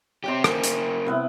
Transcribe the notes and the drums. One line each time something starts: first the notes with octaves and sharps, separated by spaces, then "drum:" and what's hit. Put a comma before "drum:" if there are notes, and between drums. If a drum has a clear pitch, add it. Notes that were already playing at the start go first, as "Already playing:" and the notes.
C4 G4 C#5 G5 C6
A#3 C#4 C5, drum: rim click
drum: hi-hat
C3 B3 E4